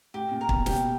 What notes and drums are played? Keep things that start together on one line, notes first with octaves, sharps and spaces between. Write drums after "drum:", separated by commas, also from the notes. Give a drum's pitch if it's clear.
A2 G4
A#2
A#4
B2, drum: kick
B2 G4, drum: snare